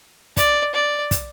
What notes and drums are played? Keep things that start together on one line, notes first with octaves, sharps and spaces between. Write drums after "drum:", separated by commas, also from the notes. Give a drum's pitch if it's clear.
D5, drum: kick, hi-hat
D5
drum: kick, hi-hat